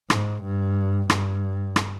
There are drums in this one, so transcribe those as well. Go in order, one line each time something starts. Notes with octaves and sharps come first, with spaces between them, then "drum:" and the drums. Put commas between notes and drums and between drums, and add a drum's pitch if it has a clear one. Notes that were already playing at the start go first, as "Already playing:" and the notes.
G#2, drum: rim click
G2
G2, drum: rim click
drum: rim click